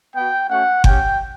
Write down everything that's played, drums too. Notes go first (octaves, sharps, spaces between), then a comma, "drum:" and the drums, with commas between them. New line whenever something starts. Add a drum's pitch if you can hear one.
B3 G5
F#4
A3 C#4 F#4 F#5
C#4 G4 G5, drum: kick G1